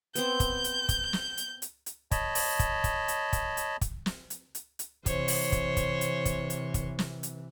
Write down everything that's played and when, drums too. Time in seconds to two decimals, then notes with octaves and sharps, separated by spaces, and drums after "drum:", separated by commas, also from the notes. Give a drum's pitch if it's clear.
0.15 B3 C4 G6, drum: hi-hat
0.40 drum: kick, hi-hat
0.64 drum: hi-hat
0.89 drum: kick, hi-hat
1.13 drum: snare
1.37 drum: hi-hat
1.62 drum: hi-hat
1.86 drum: hi-hat
2.11 C#5 D#5 A5 B5, drum: kick, hi-hat
2.35 drum: open hi-hat
2.59 drum: kick, hi-hat
2.84 drum: kick, hi-hat
3.08 drum: hi-hat
3.33 drum: kick, hi-hat
3.57 drum: hi-hat
3.81 drum: kick, hi-hat
4.06 drum: snare
4.30 drum: hi-hat
4.55 drum: hi-hat
4.79 drum: hi-hat
5.06 C3 E3 C5 C#5, drum: kick, hi-hat
5.28 drum: open hi-hat
5.52 drum: kick, hi-hat
5.77 drum: kick, hi-hat
6.01 drum: hi-hat
6.25 drum: kick, hi-hat
6.50 drum: hi-hat
6.74 drum: kick, hi-hat
6.99 drum: snare
7.23 drum: hi-hat